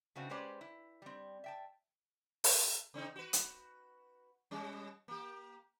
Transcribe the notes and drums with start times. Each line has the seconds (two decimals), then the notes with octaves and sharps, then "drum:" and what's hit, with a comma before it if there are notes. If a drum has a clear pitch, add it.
0.16 C#3 A3 B3 C4 D4 F#4
0.29 G#3 C#4 G4 B4 C5 D5
0.61 E4
1.02 G3 C4
1.44 E5 G5 A5
2.44 drum: open hi-hat
2.94 C#3 C4 D#4
3.16 F#4 B4
3.33 drum: hi-hat
4.51 B2 G3 C#4
5.08 A#3 G4